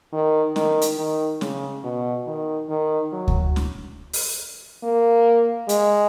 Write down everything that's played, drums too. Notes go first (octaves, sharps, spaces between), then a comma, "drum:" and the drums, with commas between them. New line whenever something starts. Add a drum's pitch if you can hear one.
D#3
D#3, drum: snare
drum: hi-hat
D#3
C#3, drum: snare
B2
D#3
D#3
F#3
drum: kick D2
drum: snare
drum: open hi-hat
A#3
G#3, drum: hi-hat